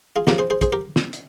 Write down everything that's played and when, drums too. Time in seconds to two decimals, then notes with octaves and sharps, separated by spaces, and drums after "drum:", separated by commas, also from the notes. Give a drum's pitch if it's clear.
0.16 F4 G#4
0.27 C#2 C#3 F3 G4 A#4, drum: snare
0.38 G#4 C5
0.50 G#4 C5
0.61 G#4 C5, drum: kick, hi-hat
0.73 G4 A#4
0.96 drum: snare
1.13 drum: hi-hat